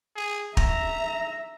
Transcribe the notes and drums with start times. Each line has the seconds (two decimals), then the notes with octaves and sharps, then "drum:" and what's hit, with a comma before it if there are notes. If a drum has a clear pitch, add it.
0.16 G#4
0.57 E5 A#5, drum: kick